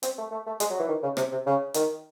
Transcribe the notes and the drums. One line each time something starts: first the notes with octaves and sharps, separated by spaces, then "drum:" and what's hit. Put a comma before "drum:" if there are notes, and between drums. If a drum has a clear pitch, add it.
C4, drum: hi-hat
A3
A3
A3
G#3, drum: hi-hat
F#3
E3
D#3
C#3
C3, drum: rim click
C3
C#3
D#3, drum: hi-hat